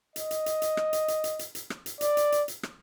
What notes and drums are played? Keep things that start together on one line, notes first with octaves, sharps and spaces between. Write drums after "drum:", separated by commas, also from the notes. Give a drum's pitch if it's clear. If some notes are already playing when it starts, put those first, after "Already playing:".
D#5, drum: hi-hat
drum: hi-hat
drum: hi-hat
drum: hi-hat
drum: rim click
drum: hi-hat
drum: hi-hat
drum: hi-hat
drum: hi-hat
drum: hi-hat
drum: rim click
drum: hi-hat
D5, drum: hi-hat
drum: hi-hat
drum: hi-hat
drum: hi-hat
drum: rim click